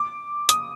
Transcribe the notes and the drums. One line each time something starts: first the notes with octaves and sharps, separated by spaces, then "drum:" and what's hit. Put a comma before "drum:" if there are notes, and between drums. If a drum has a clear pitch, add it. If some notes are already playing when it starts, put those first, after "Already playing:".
Already playing: D6
D#6, drum: hi-hat